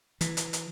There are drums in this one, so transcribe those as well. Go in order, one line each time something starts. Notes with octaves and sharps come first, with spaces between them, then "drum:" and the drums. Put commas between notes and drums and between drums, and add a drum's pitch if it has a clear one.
E3, drum: hi-hat
drum: hi-hat
drum: hi-hat